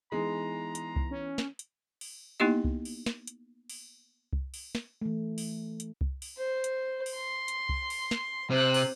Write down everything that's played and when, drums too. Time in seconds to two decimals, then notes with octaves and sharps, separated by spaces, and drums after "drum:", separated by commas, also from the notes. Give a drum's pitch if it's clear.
0.12 E3 G#3 B3 D#4 A#5
0.75 drum: hi-hat
0.96 drum: kick C2
1.11 C#4
1.38 drum: snare
1.59 drum: hi-hat
2.01 drum: open hi-hat
2.40 A#3 B3 D#4 E4 G4 D#5
2.64 drum: kick C2
2.85 drum: open hi-hat
3.06 drum: snare
3.27 drum: hi-hat
3.69 drum: open hi-hat
4.33 drum: kick C2
4.54 drum: open hi-hat
4.75 drum: snare
5.01 E3 A3
5.38 drum: open hi-hat
5.80 drum: hi-hat
6.01 drum: kick C2
6.22 drum: open hi-hat
6.38 C5
6.64 drum: hi-hat
7.06 drum: open hi-hat
7.15 C6
7.48 drum: hi-hat
7.69 drum: kick C2
7.90 drum: open hi-hat
8.11 drum: snare
8.50 C3 C5 F#6
8.74 drum: open hi-hat